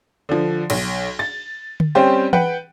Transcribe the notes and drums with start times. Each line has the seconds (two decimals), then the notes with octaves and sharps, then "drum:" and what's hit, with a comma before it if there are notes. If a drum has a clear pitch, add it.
0.29 D3 F3
0.70 B1, drum: cymbal
1.19 A6
1.80 drum: tom D3
1.95 G3 C4 C#4 G4 C5
2.33 B4 F#5 G5, drum: tom E3